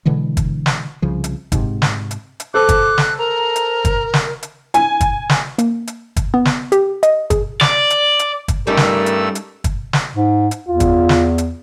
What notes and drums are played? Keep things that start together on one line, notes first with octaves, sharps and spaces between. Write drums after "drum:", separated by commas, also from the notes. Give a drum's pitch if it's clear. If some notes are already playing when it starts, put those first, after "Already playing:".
B2 D3 E3 G#3
drum: kick, hi-hat
drum: snare
C2 C#3 F3
drum: hi-hat
G#2 C3, drum: kick, hi-hat
drum: snare
drum: hi-hat
drum: hi-hat
A4 C5 D6 F#6
drum: kick, hi-hat
drum: snare
A#4 A#5
drum: hi-hat
drum: kick, hi-hat
drum: snare
drum: hi-hat
G#5, drum: hi-hat
drum: kick, hi-hat
drum: snare
A#3, drum: hi-hat
drum: hi-hat
drum: kick, hi-hat
B3
drum: snare
G4, drum: hi-hat
D#5, drum: hi-hat
G#4, drum: kick, hi-hat
D5, drum: snare
drum: hi-hat
drum: hi-hat
drum: kick, hi-hat
G2 G3 A3 C#4 D#4 A#4 E6
drum: snare
drum: hi-hat
drum: hi-hat
drum: kick, hi-hat
drum: snare
G#2
drum: hi-hat
E2 F4
drum: kick, hi-hat
drum: snare
drum: hi-hat